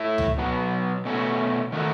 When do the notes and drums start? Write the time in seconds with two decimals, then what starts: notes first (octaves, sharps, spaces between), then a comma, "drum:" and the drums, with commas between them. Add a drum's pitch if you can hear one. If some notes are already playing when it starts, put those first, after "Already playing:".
Already playing: A3 E4
0.18 drum: tom C#2
0.38 B2 F#3 B3
1.05 B2 A3 C#4 F#4
1.72 D#3 A3 D#4 F#4